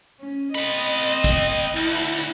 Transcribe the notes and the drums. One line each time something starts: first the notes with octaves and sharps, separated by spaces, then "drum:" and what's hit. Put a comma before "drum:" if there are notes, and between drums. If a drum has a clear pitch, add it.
C#4
C4 D#5 B5, drum: hi-hat
drum: hi-hat
drum: hi-hat
drum: kick, hi-hat
drum: hi-hat
D2 E4
drum: hi-hat
drum: hi-hat